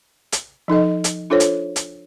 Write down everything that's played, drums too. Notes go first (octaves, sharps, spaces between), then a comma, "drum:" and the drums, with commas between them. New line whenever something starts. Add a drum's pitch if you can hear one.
drum: hi-hat
F3 D#4 A4 D#5
drum: hi-hat
D4 F4 A4 C5 C#5
drum: hi-hat
drum: hi-hat